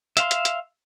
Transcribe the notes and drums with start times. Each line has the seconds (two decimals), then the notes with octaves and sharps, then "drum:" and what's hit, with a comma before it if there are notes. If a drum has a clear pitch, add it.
0.17 E5 F5 C6, drum: hi-hat
0.31 drum: hi-hat
0.45 drum: hi-hat